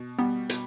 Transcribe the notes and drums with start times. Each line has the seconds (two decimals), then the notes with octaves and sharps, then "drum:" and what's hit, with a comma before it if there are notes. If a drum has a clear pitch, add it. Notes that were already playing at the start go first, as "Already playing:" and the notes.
Already playing: B2
0.19 G3 B3
0.49 B2, drum: hi-hat